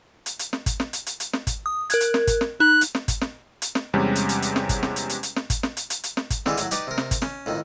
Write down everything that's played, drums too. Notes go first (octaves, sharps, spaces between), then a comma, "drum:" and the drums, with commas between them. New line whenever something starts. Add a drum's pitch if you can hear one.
drum: hi-hat
drum: hi-hat
drum: snare
drum: kick, hi-hat
drum: snare
drum: hi-hat
drum: hi-hat
drum: hi-hat
drum: snare
drum: kick, hi-hat
D#6
A#4 F#6 G#6, drum: hi-hat
drum: hi-hat
drum: snare
drum: kick, hi-hat
drum: snare
D#4 F#6
drum: hi-hat
drum: snare
drum: kick, hi-hat
drum: snare
drum: hi-hat
drum: snare
E2 C3 G3 G#3 C#4
drum: hi-hat
drum: hi-hat
drum: hi-hat
drum: snare
drum: kick, hi-hat
drum: snare
drum: hi-hat
drum: hi-hat
drum: hi-hat
drum: snare
drum: kick, hi-hat
drum: snare
drum: hi-hat
drum: hi-hat
drum: hi-hat
drum: snare
drum: kick, hi-hat
D3 E3 G3 G#3, drum: snare
A2 F#3, drum: hi-hat
D#4 G4 B4 D5, drum: hi-hat
C3 A#4
drum: snare
drum: kick, hi-hat
C#4, drum: snare
F2 A2 D#3